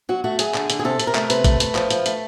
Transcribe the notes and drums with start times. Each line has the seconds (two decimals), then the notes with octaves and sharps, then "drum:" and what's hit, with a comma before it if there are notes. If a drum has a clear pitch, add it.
0.09 F#3 F#4
0.24 A3 F#4
0.39 F#3 G#4, drum: hi-hat
0.54 D3, drum: clap
0.70 D3, drum: hi-hat
0.79 G#4
0.84 C3 A4
1.00 C3, drum: hi-hat
1.07 A#4
1.15 A3, drum: clap
1.30 C3 B4, drum: hi-hat
1.44 A3, drum: kick A1, hi-hat
1.60 A3, drum: hi-hat
1.75 F3, drum: clap
1.90 F3, drum: hi-hat
2.06 A3, drum: hi-hat